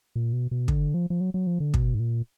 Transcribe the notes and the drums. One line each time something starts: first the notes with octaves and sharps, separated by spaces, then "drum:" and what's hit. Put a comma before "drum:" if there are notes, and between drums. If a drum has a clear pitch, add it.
A#2
B2
B2
D3, drum: kick
F3
F3
F#3
F#3
F3
D3
B2, drum: kick
G#2
A#2